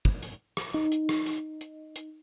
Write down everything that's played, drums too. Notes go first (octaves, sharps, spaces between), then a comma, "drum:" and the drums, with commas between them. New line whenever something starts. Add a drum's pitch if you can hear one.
drum: kick
drum: hi-hat
drum: rim click
D#4
drum: hi-hat
drum: rim click
drum: hi-hat
drum: hi-hat
drum: hi-hat